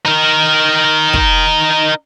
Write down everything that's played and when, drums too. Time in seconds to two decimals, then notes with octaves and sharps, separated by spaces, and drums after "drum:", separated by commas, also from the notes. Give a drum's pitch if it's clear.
0.06 D#4 A#4
1.14 drum: kick